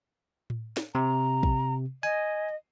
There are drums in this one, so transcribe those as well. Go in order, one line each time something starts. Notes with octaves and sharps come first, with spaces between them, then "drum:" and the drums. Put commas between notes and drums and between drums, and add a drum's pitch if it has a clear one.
drum: tom A2
drum: snare
C3 A#5
drum: kick
D#5 G#5